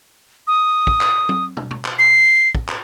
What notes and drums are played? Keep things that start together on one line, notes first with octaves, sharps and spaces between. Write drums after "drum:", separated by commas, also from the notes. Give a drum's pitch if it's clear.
D#6
drum: kick
drum: clap
drum: tom F#3
drum: tom
drum: tom
drum: clap
C7
drum: kick
drum: clap